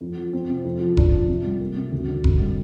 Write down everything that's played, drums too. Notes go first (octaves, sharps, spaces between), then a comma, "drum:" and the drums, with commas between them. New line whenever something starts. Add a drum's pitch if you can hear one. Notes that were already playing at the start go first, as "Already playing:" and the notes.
F2
F3
C4
C3
F2
F3
D4, drum: kick F1
F3
C3
G3
A#3
C3
D2
D3
C3, drum: kick F1
G3